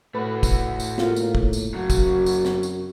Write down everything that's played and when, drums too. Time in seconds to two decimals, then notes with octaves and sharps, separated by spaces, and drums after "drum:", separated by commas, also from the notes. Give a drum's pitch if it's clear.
0.15 A2 A3 F#4 B4
0.43 drum: kick, tambourine
0.80 drum: tambourine
0.98 A#3 F4, drum: snare
1.16 drum: tambourine
1.35 drum: kick
1.53 drum: tambourine
1.74 F#2 C#3 F#3 F#4
1.90 drum: kick, tambourine
2.26 drum: tambourine
2.45 drum: snare
2.63 drum: tambourine